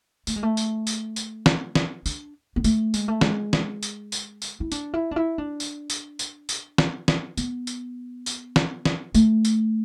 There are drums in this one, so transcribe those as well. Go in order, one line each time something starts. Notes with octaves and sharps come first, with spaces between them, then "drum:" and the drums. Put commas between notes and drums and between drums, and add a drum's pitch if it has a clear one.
A3, drum: tambourine
G#3
A3
drum: tambourine
drum: tambourine
drum: tambourine
drum: snare
drum: snare
D4, drum: tambourine
B3
A3, drum: tambourine
G#3, drum: tambourine
A3
G#3, drum: snare
drum: snare
drum: tambourine
drum: tambourine
drum: tambourine
E4
D4, drum: tambourine
E4
D4
E4
D4
drum: tambourine
drum: tambourine
drum: tambourine
drum: tambourine
drum: snare
drum: snare
B3, drum: tambourine
drum: tambourine
drum: tambourine
drum: snare
drum: snare
A3, drum: tambourine
drum: tambourine